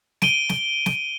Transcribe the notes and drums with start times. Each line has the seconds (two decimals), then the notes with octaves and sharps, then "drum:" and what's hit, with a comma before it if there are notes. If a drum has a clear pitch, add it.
0.22 D7 D#7 G7, drum: snare
0.49 drum: snare
0.86 drum: snare